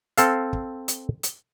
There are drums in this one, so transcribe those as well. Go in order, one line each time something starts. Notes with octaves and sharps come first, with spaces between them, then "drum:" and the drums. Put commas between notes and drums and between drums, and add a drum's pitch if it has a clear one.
C4 A4 F5, drum: hi-hat
drum: kick
drum: hi-hat
drum: hi-hat